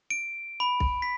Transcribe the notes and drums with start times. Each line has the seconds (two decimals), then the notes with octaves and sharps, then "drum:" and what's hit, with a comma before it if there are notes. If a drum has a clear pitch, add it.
0.10 D7
0.60 B5
0.80 drum: kick B1
1.02 B6